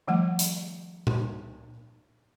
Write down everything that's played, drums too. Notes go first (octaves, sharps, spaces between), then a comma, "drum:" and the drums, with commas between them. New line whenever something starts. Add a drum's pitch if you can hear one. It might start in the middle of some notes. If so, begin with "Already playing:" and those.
D#3 F3 G3 A3 F#5
drum: hi-hat
drum: tom A#2